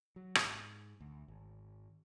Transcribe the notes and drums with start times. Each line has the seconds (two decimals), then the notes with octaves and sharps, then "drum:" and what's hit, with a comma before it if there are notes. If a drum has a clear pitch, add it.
0.16 F#3
0.35 G#2, drum: rim click
1.01 D2
1.28 G#1